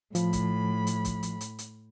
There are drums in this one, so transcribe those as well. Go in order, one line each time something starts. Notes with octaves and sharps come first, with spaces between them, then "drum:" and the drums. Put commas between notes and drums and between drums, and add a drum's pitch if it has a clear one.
A2 F3 B5, drum: hi-hat
drum: kick, hi-hat
drum: hi-hat
drum: kick, hi-hat
drum: hi-hat
drum: hi-hat
drum: hi-hat